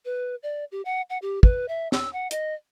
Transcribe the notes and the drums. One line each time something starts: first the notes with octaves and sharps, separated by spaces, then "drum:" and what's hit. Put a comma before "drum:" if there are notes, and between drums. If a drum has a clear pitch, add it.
B4
D5
G4
F#5
F#5
G4
B4, drum: kick
E5
E6, drum: snare
F#5
D#5, drum: hi-hat